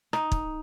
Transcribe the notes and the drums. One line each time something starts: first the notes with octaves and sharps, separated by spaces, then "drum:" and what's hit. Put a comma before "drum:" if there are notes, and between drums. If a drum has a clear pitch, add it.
D#4, drum: rim click
drum: kick